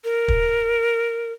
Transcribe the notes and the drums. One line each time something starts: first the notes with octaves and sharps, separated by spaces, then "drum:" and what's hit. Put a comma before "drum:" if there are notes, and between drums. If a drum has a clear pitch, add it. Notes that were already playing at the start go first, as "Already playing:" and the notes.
A#4
drum: kick